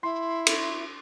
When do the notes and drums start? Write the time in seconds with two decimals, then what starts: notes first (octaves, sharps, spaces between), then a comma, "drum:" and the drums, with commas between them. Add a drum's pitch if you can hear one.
0.03 E4 C6
0.46 drum: cymbal